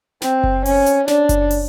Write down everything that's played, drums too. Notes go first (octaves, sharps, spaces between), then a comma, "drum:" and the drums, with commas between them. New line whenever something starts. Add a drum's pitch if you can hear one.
C4, drum: snare
drum: kick F#1
C#4, drum: open hi-hat
drum: hi-hat
D4, drum: snare
drum: kick F#1, hi-hat
drum: open hi-hat